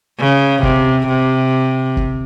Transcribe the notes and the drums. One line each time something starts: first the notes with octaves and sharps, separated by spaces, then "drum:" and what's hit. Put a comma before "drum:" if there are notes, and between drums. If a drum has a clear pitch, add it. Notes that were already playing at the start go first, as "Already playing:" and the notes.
C#3
C3, drum: kick
C3
drum: kick